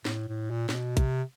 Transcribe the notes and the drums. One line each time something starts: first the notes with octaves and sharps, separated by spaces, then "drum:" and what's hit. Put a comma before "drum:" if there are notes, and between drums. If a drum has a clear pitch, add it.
A2, drum: snare
A2
A#2
A#2, drum: snare
B2
C3, drum: kick A#1, hi-hat